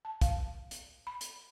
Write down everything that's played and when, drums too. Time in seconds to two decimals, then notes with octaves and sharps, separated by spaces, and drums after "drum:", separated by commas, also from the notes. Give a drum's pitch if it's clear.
0.05 A5
0.21 F5, drum: kick, hi-hat
0.71 drum: hi-hat
1.07 B5
1.21 drum: hi-hat